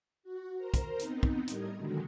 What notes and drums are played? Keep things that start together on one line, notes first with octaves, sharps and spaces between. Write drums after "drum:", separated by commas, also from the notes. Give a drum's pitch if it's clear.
F#4
A#4 C5 A#5
drum: kick, hi-hat
B3 C4 D#4, drum: hi-hat
drum: kick
A2 G3 A#4 D#5 G#6, drum: hi-hat
B2 D3 D#3 F#3 G#3